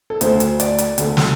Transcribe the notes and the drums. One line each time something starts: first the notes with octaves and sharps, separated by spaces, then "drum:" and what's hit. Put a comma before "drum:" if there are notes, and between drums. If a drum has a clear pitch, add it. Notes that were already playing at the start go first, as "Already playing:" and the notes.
A4
D2 D3 A3 C5, drum: hi-hat
drum: hi-hat
D5, drum: hi-hat
drum: hi-hat
D2 D3 A3, drum: hi-hat
drum: snare